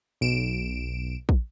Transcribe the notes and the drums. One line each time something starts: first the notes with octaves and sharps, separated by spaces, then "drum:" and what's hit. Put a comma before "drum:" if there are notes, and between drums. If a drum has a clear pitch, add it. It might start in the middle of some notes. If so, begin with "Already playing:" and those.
B1 D7 E7
drum: kick